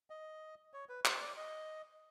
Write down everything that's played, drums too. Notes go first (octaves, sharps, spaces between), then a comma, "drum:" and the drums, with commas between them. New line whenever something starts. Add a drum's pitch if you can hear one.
D#5
C#5
B4
C5, drum: clap
D5
D#5